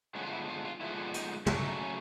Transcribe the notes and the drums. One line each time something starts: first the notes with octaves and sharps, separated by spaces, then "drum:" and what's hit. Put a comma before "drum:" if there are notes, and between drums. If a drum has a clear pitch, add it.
G2 D3 F3 G#3 B3 C#4
F4
E4
F4
F4
G2 D3 F3 G#3 B3 E4
D#4, drum: hi-hat
C#3 F#3 A3 D4, drum: tom
D#4
D4
C#4